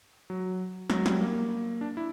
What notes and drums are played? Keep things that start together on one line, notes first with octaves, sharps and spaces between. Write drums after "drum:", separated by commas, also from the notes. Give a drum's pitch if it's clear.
F#3
F#3, drum: snare
G3, drum: snare
A#3
D4
E4